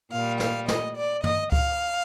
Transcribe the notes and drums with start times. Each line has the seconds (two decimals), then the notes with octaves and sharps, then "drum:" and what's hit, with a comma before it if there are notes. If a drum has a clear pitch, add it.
0.12 A#2 G3 F5
0.40 F5, drum: snare
0.68 D#5, drum: snare
0.97 D5
1.24 D#5, drum: tom
1.52 F5, drum: kick C#2